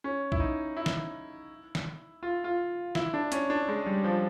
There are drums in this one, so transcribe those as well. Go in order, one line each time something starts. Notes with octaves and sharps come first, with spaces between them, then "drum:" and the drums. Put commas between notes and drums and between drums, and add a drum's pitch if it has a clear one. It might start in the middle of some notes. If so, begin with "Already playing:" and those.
C#4
E4, drum: kick A#1
D#4
E4
drum: snare
drum: snare
F4
F4
E4, drum: snare
D4
C#4, drum: hi-hat
D4
G#3
G3
F3